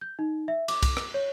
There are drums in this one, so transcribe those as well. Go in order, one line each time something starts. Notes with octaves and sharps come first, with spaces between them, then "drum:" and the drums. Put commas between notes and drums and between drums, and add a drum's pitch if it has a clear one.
G6
D#4
E5
D6, drum: cymbal
drum: kick C2, cymbal
drum: rim click
C#5